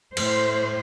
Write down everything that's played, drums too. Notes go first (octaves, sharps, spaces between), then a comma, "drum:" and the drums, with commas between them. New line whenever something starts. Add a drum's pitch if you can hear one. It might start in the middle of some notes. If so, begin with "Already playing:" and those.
A2 C5, drum: cymbal